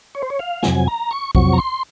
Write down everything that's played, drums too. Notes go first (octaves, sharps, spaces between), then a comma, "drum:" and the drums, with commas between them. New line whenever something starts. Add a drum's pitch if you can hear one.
C#5
C5
C#5
F5
F2 C3 F#3 G#5, drum: snare
A#5
C#6
F2 C3 F#3 C#6, drum: kick B1
A#5
C6